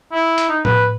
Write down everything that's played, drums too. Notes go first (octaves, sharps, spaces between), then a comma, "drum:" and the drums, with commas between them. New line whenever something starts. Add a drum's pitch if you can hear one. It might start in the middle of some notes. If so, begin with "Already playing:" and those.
E4
drum: hi-hat
D#4
B4, drum: tom A2